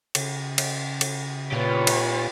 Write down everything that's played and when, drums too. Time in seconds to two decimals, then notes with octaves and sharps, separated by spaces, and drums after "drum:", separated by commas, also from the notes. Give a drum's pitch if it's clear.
0.15 C#3, drum: cymbal
0.58 drum: cymbal
1.01 drum: cymbal
1.52 A#2 F4 G4 B4 C#5
1.87 drum: cymbal